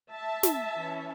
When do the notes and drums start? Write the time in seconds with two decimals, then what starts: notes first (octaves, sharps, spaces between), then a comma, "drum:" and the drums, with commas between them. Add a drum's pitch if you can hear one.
0.11 E5 A5
0.43 drum: snare
0.76 E3 C#4